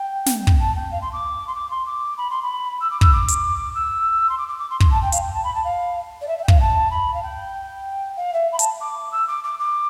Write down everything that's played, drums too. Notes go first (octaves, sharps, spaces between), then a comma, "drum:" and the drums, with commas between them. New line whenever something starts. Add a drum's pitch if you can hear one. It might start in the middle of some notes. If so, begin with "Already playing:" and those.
Already playing: G5
drum: snare
drum: kick
A5
G5
F5
C6
D6
C6
D6
C6
D6
B5
C6
B5
E6
D6
E6, drum: kick
D6
drum: hi-hat
E6
C6
D6
D6
D6
C6
C6, drum: kick
A5
G5
F5, drum: hi-hat
G5
A5
B5
A5
F5
D5
E5
E5
G5
F5, drum: kick
A5
B5
F5
G5
F5
E5
B5
A5, drum: hi-hat
D6
E6
D6
D6
D6